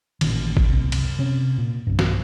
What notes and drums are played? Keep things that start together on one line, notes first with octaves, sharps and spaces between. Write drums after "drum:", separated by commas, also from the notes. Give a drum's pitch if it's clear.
A1 A#2 D#3, drum: cymbal
drum: kick G#1
F#1 C2
drum: cymbal
C3 C#4
A#2
B1 G2
drum: snare